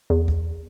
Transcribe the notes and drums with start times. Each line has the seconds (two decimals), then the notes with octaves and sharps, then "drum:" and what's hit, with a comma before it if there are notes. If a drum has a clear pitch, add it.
0.10 E2
0.28 drum: kick